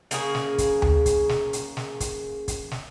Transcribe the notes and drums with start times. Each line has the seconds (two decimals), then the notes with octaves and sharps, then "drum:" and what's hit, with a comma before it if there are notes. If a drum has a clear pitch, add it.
0.11 C#3 A#3 G#4, drum: hi-hat
0.35 drum: snare
0.58 drum: kick, hi-hat
0.82 drum: tom D2
1.06 drum: kick, hi-hat
1.29 drum: snare
1.53 drum: hi-hat
1.77 drum: snare
2.00 drum: kick, hi-hat
2.48 drum: kick, hi-hat
2.71 drum: snare